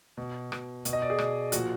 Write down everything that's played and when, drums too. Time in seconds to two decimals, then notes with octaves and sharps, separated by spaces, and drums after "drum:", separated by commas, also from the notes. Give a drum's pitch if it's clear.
0.17 B2
0.52 B2, drum: rim click
0.85 B2, drum: hi-hat
0.93 D#5
1.02 D5
1.10 G#4
1.18 B2, drum: rim click
1.52 A#2 F3 F#4, drum: hi-hat